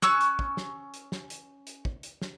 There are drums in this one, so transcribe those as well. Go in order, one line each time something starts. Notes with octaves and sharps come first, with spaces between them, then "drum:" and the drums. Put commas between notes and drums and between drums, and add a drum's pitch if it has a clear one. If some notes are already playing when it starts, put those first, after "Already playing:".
C#4 C#6 E6 F#6, drum: snare
drum: hi-hat
drum: kick
drum: snare
drum: hi-hat
drum: snare
drum: hi-hat
drum: hi-hat
drum: kick
drum: hi-hat
drum: snare